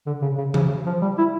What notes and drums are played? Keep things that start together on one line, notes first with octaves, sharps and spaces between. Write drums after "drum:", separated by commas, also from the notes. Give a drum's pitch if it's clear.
D3
C#3
C#3
C#3, drum: tom E3
F3
G3
E4